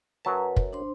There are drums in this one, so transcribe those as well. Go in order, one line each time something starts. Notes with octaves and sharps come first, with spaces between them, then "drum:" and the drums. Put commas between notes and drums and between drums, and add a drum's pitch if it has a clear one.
F#2 F#3 B4 A5
drum: kick
D4 C5 C6